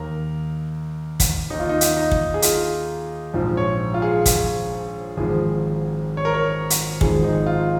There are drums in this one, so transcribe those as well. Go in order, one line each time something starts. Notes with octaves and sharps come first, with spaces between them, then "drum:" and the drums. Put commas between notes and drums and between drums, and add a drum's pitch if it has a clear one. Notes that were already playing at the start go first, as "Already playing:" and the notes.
Already playing: D#2 D#3 A#4
drum: kick, hi-hat
D#2 D#3 D#4
F4
D#4
drum: hi-hat
D#4
drum: kick
G#4
F4, drum: hi-hat
A#1 G#2 F3
C#5
F4
G#4
drum: kick, hi-hat
G#1 G#2 F3 G#4
C#5
A#4
C#5
drum: hi-hat
G#1 G#2 F3 G#4, drum: kick
D#4
F4